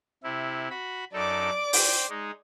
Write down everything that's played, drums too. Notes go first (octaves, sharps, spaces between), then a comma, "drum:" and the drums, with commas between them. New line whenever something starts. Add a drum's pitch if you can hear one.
C3 E4
F#4 B5
F#2 D#4 A4 D5 D6
C5 G5, drum: open hi-hat
G#3 D#4